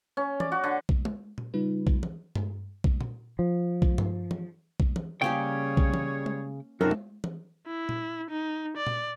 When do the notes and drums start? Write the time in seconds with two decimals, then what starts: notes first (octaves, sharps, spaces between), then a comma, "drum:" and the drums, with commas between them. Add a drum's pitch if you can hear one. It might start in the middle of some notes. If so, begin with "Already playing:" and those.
0.17 C#4
0.40 D5, drum: tom E3
0.52 F#4
0.64 D3
0.89 drum: kick B1
1.05 drum: tom G#3
1.38 drum: tom A#2
1.54 C#3 G3 D#4 F4 B4
1.87 drum: kick B1
2.03 drum: tom E3
2.35 drum: tom G2
2.84 drum: kick B1
3.01 drum: tom A#2
3.39 F3
3.82 drum: kick B1
3.98 drum: tom G2
4.31 drum: tom E3
4.80 drum: kick B1
4.96 drum: tom E3
5.22 C#3 G3 A#3 C#4 G4 G#4 C#5 G5
5.77 drum: kick B1
5.94 drum: tom E3
6.26 drum: tom G#3
6.81 F#2 C3 C4 D#4 F4 F#4 A4 A#4
6.91 drum: tom G#3
7.24 drum: tom E3
7.67 E4
7.89 drum: tom A#2
8.30 D#4
8.77 D5
8.87 drum: tom A#2